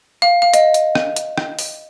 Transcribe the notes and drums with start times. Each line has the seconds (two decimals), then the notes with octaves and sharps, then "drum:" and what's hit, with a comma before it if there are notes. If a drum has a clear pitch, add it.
0.22 F5
0.42 F5
0.54 D#5, drum: hi-hat
0.74 drum: hi-hat
0.95 drum: rim click
1.16 drum: hi-hat
1.38 drum: rim click
1.59 drum: open hi-hat